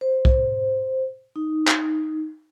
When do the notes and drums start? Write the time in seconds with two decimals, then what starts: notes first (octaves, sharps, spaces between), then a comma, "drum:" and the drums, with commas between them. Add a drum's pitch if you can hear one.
0.01 C5
0.25 drum: kick
1.36 D#4
1.67 drum: clap